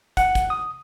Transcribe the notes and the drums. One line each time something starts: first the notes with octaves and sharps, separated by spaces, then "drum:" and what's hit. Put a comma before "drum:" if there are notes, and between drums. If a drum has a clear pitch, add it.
F#5, drum: kick, hi-hat
drum: kick, hi-hat
D#6